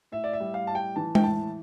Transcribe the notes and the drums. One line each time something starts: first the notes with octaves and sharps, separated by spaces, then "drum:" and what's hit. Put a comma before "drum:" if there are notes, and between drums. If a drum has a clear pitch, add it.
A2 E5
D5
E5
G3
F5
A2 A5
G5
E3 A5
G5, drum: tom G#3
A2 A5